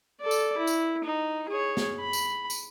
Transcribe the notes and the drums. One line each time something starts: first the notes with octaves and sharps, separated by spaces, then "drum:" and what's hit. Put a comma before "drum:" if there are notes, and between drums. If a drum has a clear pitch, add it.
A4 D5
drum: tambourine
E4
drum: tambourine
D#4
G#4 C#5
drum: snare
B5
drum: tambourine
drum: tambourine